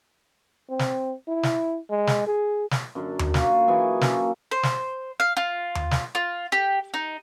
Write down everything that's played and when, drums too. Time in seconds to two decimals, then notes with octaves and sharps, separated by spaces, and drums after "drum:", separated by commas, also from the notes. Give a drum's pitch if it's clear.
0.70 C4
0.79 drum: snare
1.28 E4
1.43 drum: snare
1.90 G#3
2.07 drum: snare
2.27 G#4
2.71 drum: snare
2.95 F#2 D3
3.19 drum: tom D#2
3.34 A#3 F4 F#4, drum: snare
3.67 E3 F#3 G#4 G#5
4.01 A#3 C#4 A4, drum: snare
4.51 C5
4.63 drum: snare
5.20 F5
5.37 F4
5.75 drum: tom D#2
5.91 drum: snare
6.15 F4
6.52 G4
6.94 D#4